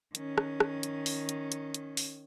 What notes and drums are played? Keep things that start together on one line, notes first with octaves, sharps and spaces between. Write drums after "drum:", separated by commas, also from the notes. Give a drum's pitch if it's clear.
D#3 C#4, drum: hi-hat
drum: rim click
drum: rim click
drum: hi-hat
drum: open hi-hat
drum: hi-hat
drum: hi-hat
drum: hi-hat
drum: open hi-hat